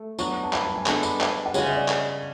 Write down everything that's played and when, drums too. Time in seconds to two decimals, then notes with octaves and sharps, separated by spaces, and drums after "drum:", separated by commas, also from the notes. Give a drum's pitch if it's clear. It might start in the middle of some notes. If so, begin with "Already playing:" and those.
Already playing: A3
0.19 F#3 B3 D4 F#4 C#6, drum: tambourine
0.44 A5
0.53 B5, drum: clap
0.64 A5
0.76 G#5
0.86 G#3 B3 D4 A4 A5, drum: clap
1.03 B5, drum: tambourine
1.21 A5, drum: clap
1.46 F#5
1.54 C#3 G#3 C#4 F#4 G#5, drum: tambourine
1.65 E5
1.77 D5
1.88 drum: clap